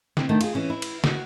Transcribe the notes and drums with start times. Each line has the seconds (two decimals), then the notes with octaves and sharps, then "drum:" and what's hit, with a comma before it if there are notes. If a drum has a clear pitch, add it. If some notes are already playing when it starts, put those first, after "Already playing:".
0.17 C4, drum: snare
0.29 D3 D#3 A3
0.41 F4 G#4, drum: cymbal
0.55 E3 C#4
0.70 E4
0.82 drum: cymbal
1.04 F#4, drum: snare